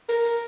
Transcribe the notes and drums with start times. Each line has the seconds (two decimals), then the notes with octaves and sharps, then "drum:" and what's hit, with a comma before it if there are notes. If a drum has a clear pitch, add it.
0.09 A#4, drum: hi-hat
0.25 drum: hi-hat